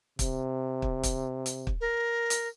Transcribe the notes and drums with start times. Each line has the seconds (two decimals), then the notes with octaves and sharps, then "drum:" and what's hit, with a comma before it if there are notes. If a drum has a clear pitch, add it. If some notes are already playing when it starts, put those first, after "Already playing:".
0.19 C3, drum: kick, hi-hat
0.82 drum: kick
1.03 drum: kick, hi-hat
1.46 drum: hi-hat
1.67 drum: kick
1.81 A#4
2.30 drum: hi-hat